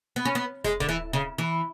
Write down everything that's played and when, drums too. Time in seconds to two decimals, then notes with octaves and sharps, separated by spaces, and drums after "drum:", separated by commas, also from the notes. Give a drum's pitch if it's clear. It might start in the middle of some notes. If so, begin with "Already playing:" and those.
0.16 B3
0.25 C#4
0.35 B3
0.64 G#3, drum: snare F1
0.80 D3, drum: kick D1
0.89 E3
1.13 C#3
1.38 E3